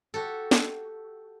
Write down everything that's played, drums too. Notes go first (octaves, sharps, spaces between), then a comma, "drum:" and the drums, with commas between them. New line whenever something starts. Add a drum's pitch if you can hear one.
F#4 G4 A4
drum: snare